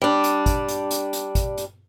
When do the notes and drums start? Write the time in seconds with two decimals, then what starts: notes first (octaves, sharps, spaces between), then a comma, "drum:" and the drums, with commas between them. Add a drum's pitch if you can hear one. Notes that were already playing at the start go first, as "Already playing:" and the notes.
0.02 G3 D4
0.24 drum: hi-hat
0.46 drum: kick, hi-hat
0.68 drum: hi-hat
0.91 drum: hi-hat
1.13 drum: hi-hat
1.35 drum: kick, hi-hat
1.58 drum: hi-hat